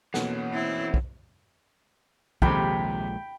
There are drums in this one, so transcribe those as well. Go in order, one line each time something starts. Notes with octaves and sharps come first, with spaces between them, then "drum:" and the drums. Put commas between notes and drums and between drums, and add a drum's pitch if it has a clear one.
B2 E3 A#3 C#4 A4 F#5, drum: snare
C4 E4
drum: kick
A#1 D#2 C3 F3 G#3 G5 B5, drum: kick